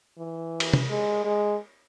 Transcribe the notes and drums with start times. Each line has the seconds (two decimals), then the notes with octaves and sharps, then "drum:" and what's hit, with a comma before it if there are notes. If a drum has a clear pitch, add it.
0.18 E3
0.60 drum: cymbal
0.73 drum: tom
0.89 G#3
1.25 G#3